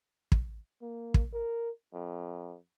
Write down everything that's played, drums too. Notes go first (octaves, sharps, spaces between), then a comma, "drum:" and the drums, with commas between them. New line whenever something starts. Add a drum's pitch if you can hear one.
drum: kick
A#3
drum: kick
A#4
F2